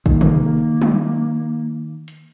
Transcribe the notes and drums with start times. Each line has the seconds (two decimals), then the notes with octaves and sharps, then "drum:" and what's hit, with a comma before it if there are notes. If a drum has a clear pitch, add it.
0.06 D#3 A#3, drum: kick G#1
0.21 drum: tom
0.82 drum: tom
2.08 drum: hi-hat